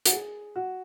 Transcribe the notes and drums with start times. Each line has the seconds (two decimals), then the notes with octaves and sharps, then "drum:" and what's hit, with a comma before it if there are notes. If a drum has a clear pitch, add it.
0.06 F#4, drum: hi-hat
0.13 G#4
0.56 F#4